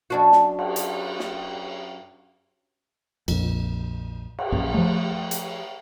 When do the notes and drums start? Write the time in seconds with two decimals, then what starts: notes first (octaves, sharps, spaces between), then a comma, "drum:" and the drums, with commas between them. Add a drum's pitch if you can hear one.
0.10 F#2 D4 F#4
0.32 drum: snare
0.59 drum: cymbal
0.76 drum: hi-hat
1.19 drum: snare
3.28 A#1 F2, drum: cymbal
4.39 drum: cymbal
4.52 A#1 F#2
4.74 F3 A3
5.31 drum: hi-hat